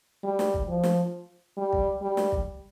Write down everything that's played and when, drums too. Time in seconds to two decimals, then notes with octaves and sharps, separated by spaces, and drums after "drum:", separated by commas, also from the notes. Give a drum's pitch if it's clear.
0.24 G3
0.39 drum: snare
0.54 drum: kick
0.69 F3
0.83 drum: snare
1.58 G3
1.73 drum: kick
2.02 G3
2.17 drum: snare
2.32 drum: kick